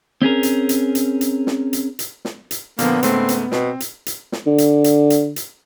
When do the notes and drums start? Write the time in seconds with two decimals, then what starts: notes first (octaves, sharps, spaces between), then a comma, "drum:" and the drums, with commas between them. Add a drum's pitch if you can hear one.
0.22 C4 C#4 G#4 A#4
0.43 drum: hi-hat
0.69 drum: hi-hat
0.95 drum: hi-hat
1.21 drum: hi-hat
1.47 drum: snare
1.73 drum: hi-hat
1.99 drum: hi-hat
2.25 drum: snare
2.51 drum: hi-hat
2.79 A#2 D3 F3 A#3 B3, drum: hi-hat
3.03 G#2 C#3 A3 C4, drum: hi-hat
3.29 drum: hi-hat
3.52 B2 C4, drum: snare
3.80 drum: hi-hat
4.06 drum: hi-hat
4.32 drum: snare
4.46 D3
4.58 drum: hi-hat
4.84 drum: hi-hat
5.10 drum: hi-hat
5.36 drum: hi-hat